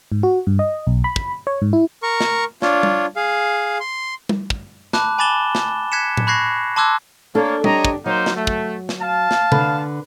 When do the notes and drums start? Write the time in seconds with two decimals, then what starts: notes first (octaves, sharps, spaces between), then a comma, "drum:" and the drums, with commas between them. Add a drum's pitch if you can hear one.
0.12 G#2
0.23 F#4
0.47 G2
0.59 D#5
0.87 B1
1.04 B5
1.16 drum: kick
1.47 C#5
1.62 G#2
1.73 E4
2.03 A#4 C#6
2.20 drum: snare
2.62 D4 F4 C#5, drum: snare
2.83 drum: tom G3
3.16 G#4 F5
3.80 C6
4.29 drum: tom G3
4.50 drum: kick
4.93 A5 B5 D6 F#6, drum: snare
5.18 G#5 B5 D6 A6 E7 G7
5.55 drum: snare
5.92 F#6 G#6 B6 C#7 E7
6.17 drum: tom A2
6.27 B5 C#6 F#6 G#6 A#6 C7
6.76 A5 C6 D6 E6 F#6 G#6
7.35 A#3 D4 A4 C#5
7.64 D4 G4 C#5 D#5 A#5, drum: tom G3
7.85 drum: kick
8.06 F#3 A#3 D#4 C5
8.26 drum: snare
8.36 A3
8.47 drum: kick
8.89 drum: snare
9.01 F5 A5
9.31 drum: snare
9.52 D3 B4, drum: tom C3